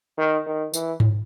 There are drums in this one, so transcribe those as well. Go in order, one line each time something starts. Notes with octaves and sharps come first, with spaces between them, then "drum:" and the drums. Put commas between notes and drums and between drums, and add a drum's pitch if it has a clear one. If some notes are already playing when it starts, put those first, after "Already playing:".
D#3
D#3
E3, drum: tambourine
drum: tom G#2